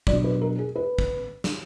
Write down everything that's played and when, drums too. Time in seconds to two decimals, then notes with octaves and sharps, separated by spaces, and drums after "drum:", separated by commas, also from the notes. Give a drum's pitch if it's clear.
0.07 B2 F#3 D4 D5, drum: kick
0.24 B4
0.42 A#4
0.58 G#4
0.76 B4
0.98 drum: kick
1.44 drum: snare